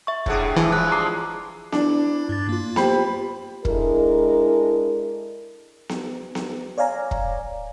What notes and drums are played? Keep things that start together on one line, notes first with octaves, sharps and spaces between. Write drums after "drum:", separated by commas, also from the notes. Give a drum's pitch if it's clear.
E5 C#6
A2 C3 D4 G#4 F#5 A5, drum: kick
E3 F3 G#3 E4
G2 F3 B5 F#6
A#5 D6 C7
D4 E4, drum: snare B3
G2 A6
A#3 F4
G4 C5 G5 B5, drum: snare B3
G#3 D4 E4 A4 A#4, drum: kick
drum: snare B3
drum: snare B3
C#5 D5 F5 G#5 A#5
drum: kick